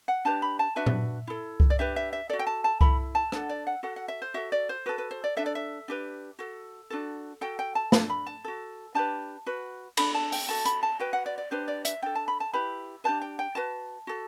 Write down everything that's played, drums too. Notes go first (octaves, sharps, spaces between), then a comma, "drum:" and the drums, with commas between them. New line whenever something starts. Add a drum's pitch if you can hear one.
F#5
D4 G4 B4 A5
B5
A5
D4 F#4 B4 E5
drum: tom A#2
E4 A4
drum: kick C2
D5
D4 G4 B4 E5
E5
E5
F#4 A4 D5
G5
A5
A5
E4 A4 B5, drum: kick C2
A5
D4 A4 F#5, drum: rim click
D5
F#5
F#4 A4 F#5
F#5
E5
C5
F#4 A4 E5
D5
C5
F#4 A4 B4
B4
C5
D5
D4 A4 E5
D5
E5
D4 G4 B4
F#4 A4
D4 F#4 A4
F#4 A4 G5
G5
A5
D4 A4 B5, drum: snare
B5
A5
F#4 A4
D4 G4 B4 A5
F#4 B4
D4 A4 B5, drum: cymbal
A5
G5, drum: open hi-hat
F#4 A4 A5
B5, drum: hi-hat
A5
F#4 B4 G5
F#5
D5
D5
D4 G4 B4 C5
D5
E5, drum: hi-hat
D4 A4 G5
A5
B5
A5
E4 G4 B4 B5
D4 G4 B4 A5
G5
G5
F#4 B4 A5
F#4 A4